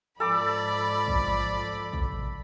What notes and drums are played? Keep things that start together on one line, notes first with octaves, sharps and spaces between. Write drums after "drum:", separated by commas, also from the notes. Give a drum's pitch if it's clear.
G#2 F3 A4 D5 B5 D6
drum: kick
drum: kick
drum: tom B2